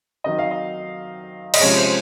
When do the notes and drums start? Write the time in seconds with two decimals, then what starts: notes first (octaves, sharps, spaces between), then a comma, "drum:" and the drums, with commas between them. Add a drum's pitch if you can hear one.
0.24 D#3 F#3 C4 D#4 D#5
0.39 F5
0.51 D#5
1.54 D#5, drum: cymbal
1.60 C3 F3 G#3 C#4 C#5
1.77 C5